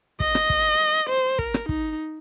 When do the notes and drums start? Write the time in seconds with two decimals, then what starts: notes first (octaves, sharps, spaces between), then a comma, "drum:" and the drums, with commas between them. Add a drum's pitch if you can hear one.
0.20 D#5, drum: kick
0.35 drum: rim click
0.50 drum: kick
1.10 C5
1.39 A#4, drum: kick
1.54 drum: rim click
1.69 D#4, drum: kick